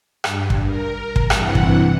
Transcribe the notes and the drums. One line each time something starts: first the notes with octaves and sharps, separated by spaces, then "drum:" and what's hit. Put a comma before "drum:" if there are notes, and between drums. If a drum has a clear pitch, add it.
G2, drum: rim click
drum: kick
A#4
drum: kick
G2 C3 E3 F#5, drum: rim click
drum: kick